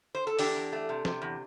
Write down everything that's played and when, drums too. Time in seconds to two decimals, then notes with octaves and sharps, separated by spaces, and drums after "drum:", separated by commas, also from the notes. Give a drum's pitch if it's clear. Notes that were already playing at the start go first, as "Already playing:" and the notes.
0.15 C5
0.27 A4
0.39 E2 D4 G4, drum: open hi-hat
0.56 E2
0.72 A3
0.89 C3
1.05 C3, drum: snare
1.22 E2